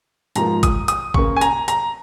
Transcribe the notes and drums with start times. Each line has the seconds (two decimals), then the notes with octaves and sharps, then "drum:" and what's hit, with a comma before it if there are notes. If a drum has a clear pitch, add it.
0.35 G#2 F3 A#3 A#5, drum: hi-hat
0.63 D#6, drum: kick, hi-hat
0.88 D#6, drum: hi-hat
1.14 C#3 A#3 C#6, drum: kick
1.36 G#5
1.41 A#5, drum: hi-hat
1.68 A#5, drum: hi-hat